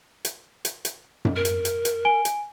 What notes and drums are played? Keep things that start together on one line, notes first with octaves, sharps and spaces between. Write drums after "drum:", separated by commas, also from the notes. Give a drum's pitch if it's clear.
drum: hi-hat
drum: hi-hat
drum: hi-hat
drum: tom F#2
A#4
drum: hi-hat
drum: hi-hat
drum: hi-hat
G#5 D7 G7
drum: hi-hat